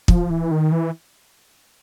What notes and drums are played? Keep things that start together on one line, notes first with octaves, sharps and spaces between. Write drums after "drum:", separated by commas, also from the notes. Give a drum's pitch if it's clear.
F3, drum: kick
E3
D#3
E3